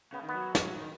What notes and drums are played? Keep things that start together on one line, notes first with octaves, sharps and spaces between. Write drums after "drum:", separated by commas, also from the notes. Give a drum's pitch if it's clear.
C#3 B3
D#3
B3
F#3
drum: snare
D#3